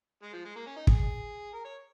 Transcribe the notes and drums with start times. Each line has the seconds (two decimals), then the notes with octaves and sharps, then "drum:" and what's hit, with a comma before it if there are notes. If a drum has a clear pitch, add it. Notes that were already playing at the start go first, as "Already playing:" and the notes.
0.23 G#3
0.33 F3
0.45 G#3
0.56 A#3
0.67 C#4
0.76 D#4
0.87 G#4, drum: kick
1.54 A#4
1.64 C#5